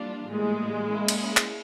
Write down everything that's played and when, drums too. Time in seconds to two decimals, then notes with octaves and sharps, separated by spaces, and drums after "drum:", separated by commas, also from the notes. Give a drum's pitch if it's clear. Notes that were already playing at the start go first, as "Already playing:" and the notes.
Already playing: E3 G3 A#3 D4 F4
0.28 A2 E3 G3 G#3 A#3
0.88 A#3 C#4 E4
1.08 drum: cymbal
1.37 drum: clap